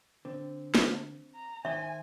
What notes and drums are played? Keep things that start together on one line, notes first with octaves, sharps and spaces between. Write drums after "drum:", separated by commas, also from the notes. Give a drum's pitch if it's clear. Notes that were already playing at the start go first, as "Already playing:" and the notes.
D3 C4
drum: snare
A#5
D#3 C5 E5 G#5